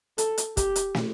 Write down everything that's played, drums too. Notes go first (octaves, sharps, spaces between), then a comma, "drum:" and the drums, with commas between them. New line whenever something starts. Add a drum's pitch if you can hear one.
A4, drum: hi-hat
drum: hi-hat
G4, drum: kick, hi-hat
drum: hi-hat
drum: snare